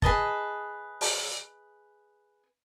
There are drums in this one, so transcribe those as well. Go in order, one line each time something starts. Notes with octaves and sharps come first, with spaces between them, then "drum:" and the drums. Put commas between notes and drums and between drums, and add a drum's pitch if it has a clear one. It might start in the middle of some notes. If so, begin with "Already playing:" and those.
G#4 B4 D#5 A5, drum: kick G1
drum: open hi-hat